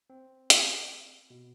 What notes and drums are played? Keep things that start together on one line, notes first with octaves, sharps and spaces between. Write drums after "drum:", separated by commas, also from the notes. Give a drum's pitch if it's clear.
C4
drum: hi-hat
B2